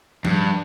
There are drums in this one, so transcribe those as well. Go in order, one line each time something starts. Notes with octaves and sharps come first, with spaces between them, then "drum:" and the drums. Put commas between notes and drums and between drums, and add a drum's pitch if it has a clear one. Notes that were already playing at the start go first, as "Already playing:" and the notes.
G2, drum: tom F3